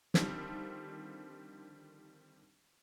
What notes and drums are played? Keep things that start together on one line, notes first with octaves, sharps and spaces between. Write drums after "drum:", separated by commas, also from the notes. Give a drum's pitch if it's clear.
D3 D#3 F3 G3 C4, drum: snare